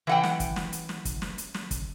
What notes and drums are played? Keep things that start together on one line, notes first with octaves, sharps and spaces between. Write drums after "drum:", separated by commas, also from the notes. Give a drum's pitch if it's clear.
E3 F#5 G5
drum: snare
drum: kick, hi-hat
drum: snare
drum: hi-hat
drum: snare
drum: kick, hi-hat
drum: snare
drum: hi-hat
drum: snare
drum: kick, hi-hat